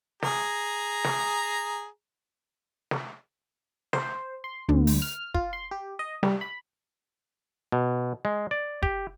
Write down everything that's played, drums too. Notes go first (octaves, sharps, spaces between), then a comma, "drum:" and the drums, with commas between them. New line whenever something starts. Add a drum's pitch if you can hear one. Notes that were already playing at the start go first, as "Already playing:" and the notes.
G#4 A#5, drum: snare
drum: snare
drum: snare
C5, drum: snare
C6
D2, drum: tom
drum: open hi-hat
F6
F4, drum: kick
C6
G4
D#5
G3, drum: snare
B5
B2
G#3
D5
G4, drum: kick